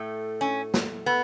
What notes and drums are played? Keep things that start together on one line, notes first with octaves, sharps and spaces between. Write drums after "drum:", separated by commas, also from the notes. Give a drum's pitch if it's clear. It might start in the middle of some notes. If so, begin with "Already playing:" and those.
Already playing: A2 A3
C#4
drum: snare
B3